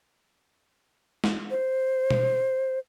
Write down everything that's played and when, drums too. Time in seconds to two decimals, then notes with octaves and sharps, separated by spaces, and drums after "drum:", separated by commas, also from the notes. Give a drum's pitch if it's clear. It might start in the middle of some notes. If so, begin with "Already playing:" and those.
1.24 drum: snare
1.51 C5
2.11 drum: tom B2